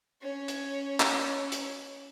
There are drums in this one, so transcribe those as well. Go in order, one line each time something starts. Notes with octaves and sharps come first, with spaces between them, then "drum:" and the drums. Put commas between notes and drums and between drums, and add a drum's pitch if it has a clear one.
C#4 C#5
drum: hi-hat
drum: clap
drum: hi-hat